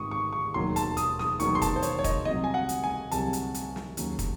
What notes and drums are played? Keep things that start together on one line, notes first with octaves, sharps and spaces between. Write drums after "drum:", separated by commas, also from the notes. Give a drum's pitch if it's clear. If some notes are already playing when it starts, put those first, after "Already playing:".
Already playing: G#1 G#2 D#3 C#6 D#6
C#6
C#6
E1 D#2 D#3 F#3 C6
A5, drum: hi-hat
D#6, drum: hi-hat
D#6, drum: snare
E1 D#2 D#3 F#3 C#6, drum: hi-hat
C6
A5, drum: kick, hi-hat
C5
C#5, drum: hi-hat
C#5
D#5, drum: kick, hi-hat
C2 C3 F#3 D#5
G#5
F#5
drum: hi-hat
G#5
C2 C3 F#3 A5, drum: hi-hat
drum: hi-hat
drum: hi-hat
drum: snare
D#2 C#3 F#3, drum: hi-hat
drum: kick, hi-hat